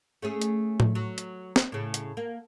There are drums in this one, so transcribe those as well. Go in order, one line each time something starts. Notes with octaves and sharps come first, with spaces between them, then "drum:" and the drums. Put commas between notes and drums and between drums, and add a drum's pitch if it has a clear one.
A3 C#4 G#4
drum: hi-hat
drum: tom A2
F#3
drum: hi-hat
drum: snare
A2 C#3
drum: hi-hat
A#3